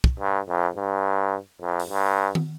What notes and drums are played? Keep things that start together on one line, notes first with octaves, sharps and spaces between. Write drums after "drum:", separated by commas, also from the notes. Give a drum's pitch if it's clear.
drum: kick
G2
F2
G2
F2
drum: open hi-hat
G2
drum: tom D#3